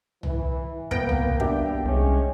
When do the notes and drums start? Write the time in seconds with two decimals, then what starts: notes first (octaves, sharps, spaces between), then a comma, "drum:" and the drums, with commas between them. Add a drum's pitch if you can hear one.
0.23 E3, drum: tom C2
0.91 C2 A#3 B3 B4 G5 A#6 D7, drum: kick
1.09 drum: tom C2
1.40 D4 G4 E5, drum: kick
1.85 C2 G#3 C#4